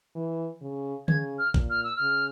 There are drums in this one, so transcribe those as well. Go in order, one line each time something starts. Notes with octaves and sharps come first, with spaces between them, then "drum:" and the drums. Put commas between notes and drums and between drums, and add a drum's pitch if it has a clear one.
E3
C#3
C#3 G#6, drum: tom D3
F6
A#2, drum: kick A#1
F6
E6
C#3 F6